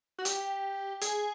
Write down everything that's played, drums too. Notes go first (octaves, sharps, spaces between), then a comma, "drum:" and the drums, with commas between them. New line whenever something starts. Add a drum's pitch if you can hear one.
F#4
G4, drum: hi-hat
G#4, drum: hi-hat